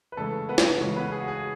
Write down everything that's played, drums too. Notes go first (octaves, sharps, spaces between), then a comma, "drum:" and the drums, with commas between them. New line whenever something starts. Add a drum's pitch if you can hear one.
B4
C#3 E3 G#3 A3 A4
B3 B4
drum: snare
C#3 E3 G#3 C#4 C#5
B3 B4
G#4
F#4
G#4